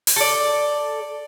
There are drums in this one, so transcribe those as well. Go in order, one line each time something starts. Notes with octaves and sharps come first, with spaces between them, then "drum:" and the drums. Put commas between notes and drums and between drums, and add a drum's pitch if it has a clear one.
drum: open hi-hat
A4 D5